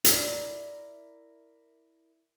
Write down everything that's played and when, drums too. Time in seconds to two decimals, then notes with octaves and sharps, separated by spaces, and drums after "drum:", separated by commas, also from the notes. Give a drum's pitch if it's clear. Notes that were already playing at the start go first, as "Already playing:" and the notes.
0.05 E4 A#4 D5, drum: hi-hat